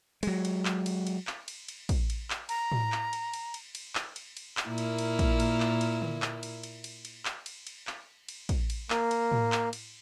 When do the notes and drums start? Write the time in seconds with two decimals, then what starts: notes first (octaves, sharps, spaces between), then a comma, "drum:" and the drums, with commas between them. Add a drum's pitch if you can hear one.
0.23 F#3 G#3, drum: cymbal
0.45 drum: cymbal
0.65 drum: clap
0.86 drum: cymbal
1.07 drum: cymbal
1.27 drum: clap
1.48 drum: cymbal
1.68 drum: cymbal
1.89 drum: kick, cymbal
2.10 drum: cymbal
2.30 drum: clap
2.49 A#5, drum: cymbal
2.72 drum: tom A2
2.92 drum: clap
3.13 drum: cymbal
3.33 drum: cymbal
3.54 drum: cymbal
3.75 drum: cymbal
3.95 drum: clap
4.16 drum: cymbal
4.37 drum: cymbal
4.57 drum: clap
4.68 A#2 A#3 E4
4.78 drum: cymbal
4.98 drum: cymbal
5.19 drum: kick, cymbal
5.40 drum: cymbal
5.60 drum: clap
5.81 drum: cymbal
6.02 drum: tom D3
6.22 drum: clap
6.43 drum: cymbal
6.63 drum: cymbal
6.84 drum: cymbal
7.05 drum: cymbal
7.25 drum: clap
7.46 drum: cymbal
7.67 drum: cymbal
7.87 drum: clap
8.28 drum: cymbal
8.49 drum: kick, cymbal
8.70 drum: cymbal
8.90 A#3, drum: clap
9.11 drum: cymbal
9.32 drum: tom A2
9.52 drum: clap
9.73 drum: cymbal